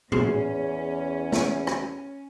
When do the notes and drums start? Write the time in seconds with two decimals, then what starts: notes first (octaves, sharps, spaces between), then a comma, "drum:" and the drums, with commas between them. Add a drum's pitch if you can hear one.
0.12 E2 C#4 G#4 C7, drum: tom A2
1.32 drum: snare
1.67 drum: rim click